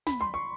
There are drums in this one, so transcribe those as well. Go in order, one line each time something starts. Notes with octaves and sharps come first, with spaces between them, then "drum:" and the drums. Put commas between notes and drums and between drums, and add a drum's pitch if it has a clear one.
B5, drum: snare
C6
C#6